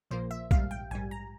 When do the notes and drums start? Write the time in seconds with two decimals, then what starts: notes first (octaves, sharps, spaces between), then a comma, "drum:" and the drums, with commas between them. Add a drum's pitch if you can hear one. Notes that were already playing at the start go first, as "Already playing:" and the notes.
0.11 A#1 A#2 F3 A#3 C5
0.31 E5
0.51 A#1 G#2 G3 F5, drum: kick
0.71 G5
0.91 A#1 G#2 G3 G#5
1.11 A#5